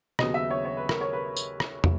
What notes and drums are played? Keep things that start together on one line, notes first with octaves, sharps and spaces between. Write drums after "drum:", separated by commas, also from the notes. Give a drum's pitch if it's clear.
D#2 C#3 F#3 B3 D#5, drum: rim click
E5
C#5
C#5
B4
A#4, drum: rim click
C#5
B4
drum: tambourine
drum: rim click
drum: tom